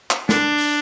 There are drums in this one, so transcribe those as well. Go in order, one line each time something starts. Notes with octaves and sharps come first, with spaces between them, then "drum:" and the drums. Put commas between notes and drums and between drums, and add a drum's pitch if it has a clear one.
drum: clap
D4, drum: snare
drum: open hi-hat